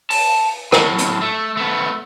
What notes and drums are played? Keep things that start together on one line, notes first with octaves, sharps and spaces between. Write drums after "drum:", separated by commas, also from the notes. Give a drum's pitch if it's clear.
A5, drum: open hi-hat
A2 F#3, drum: rim click
drum: hi-hat
A3
A3 B3